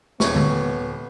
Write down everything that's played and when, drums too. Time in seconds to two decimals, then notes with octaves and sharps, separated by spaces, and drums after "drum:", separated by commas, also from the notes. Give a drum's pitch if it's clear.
0.20 D#1 B3 C#5 C#6, drum: snare
0.36 drum: tom D3